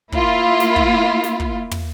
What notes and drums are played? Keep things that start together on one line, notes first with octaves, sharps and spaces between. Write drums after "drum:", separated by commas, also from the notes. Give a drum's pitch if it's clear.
A#3 E4 F4, drum: kick
drum: snare
drum: kick
drum: snare
drum: kick
drum: tom